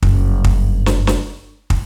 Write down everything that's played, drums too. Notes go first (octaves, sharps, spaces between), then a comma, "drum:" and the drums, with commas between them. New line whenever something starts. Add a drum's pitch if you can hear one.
F#1 G2, drum: kick
drum: kick
drum: snare
drum: snare
drum: kick